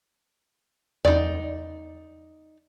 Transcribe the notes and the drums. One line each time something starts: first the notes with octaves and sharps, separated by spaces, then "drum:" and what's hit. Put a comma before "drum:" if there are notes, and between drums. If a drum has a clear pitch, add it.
D#4 D5, drum: tom E2